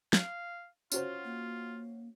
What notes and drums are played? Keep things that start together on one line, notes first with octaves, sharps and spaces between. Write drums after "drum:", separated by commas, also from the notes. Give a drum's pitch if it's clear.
F5, drum: snare
C#4 F4 F#4 C5, drum: tambourine
A#3